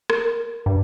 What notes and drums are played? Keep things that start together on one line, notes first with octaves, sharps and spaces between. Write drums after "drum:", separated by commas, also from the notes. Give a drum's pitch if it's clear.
A#4, drum: rim click
G2